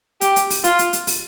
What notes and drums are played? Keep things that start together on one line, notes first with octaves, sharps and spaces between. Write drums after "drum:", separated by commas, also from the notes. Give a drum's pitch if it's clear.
G4, drum: hi-hat
drum: hi-hat
drum: open hi-hat
F4, drum: hi-hat
drum: hi-hat
drum: hi-hat
drum: open hi-hat